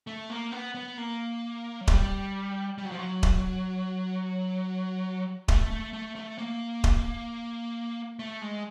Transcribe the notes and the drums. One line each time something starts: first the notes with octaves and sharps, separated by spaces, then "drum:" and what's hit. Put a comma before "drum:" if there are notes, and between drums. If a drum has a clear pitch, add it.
A3
A#3
B3
B3
A#3
F#3
G3, drum: kick D#1
G3
F#3
F3
F#3
drum: kick D#1
A3, drum: kick D#1
A3
A3
A3
A#3
drum: kick D#1
A3
G#3